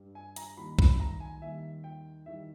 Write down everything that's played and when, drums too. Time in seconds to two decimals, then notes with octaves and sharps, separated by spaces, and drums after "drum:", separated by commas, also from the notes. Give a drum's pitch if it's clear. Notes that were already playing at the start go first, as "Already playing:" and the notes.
Already playing: G2 G3
0.15 G#5
0.36 A#5, drum: hi-hat
0.57 D#2 D#3 G3 B5
0.79 B5, drum: kick B1
1.00 A#5
1.20 G#5
1.42 D#2 D#3 G3 E5
1.84 G5
2.26 E2 D#3 G3 E5